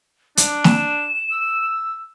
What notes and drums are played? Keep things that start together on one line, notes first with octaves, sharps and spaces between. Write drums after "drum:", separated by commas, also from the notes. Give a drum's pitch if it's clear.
D4 D6, drum: hi-hat
E7, drum: snare
E6